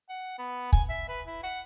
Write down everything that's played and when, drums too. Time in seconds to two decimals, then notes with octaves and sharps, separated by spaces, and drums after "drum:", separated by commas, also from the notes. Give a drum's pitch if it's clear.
0.09 F#5
0.39 B3
0.73 G#5, drum: kick
0.90 E5
1.09 B4
1.27 E4
1.43 F#5